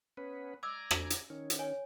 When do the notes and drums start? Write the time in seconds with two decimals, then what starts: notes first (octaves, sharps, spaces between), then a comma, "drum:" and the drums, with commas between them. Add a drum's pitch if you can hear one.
0.17 B3 C#4 B4
0.63 D5 G#5 A#5 D6 E6
0.91 drum: rim click
1.10 drum: hi-hat
1.30 D#3 C#4
1.50 drum: hi-hat
1.59 C#5 G#5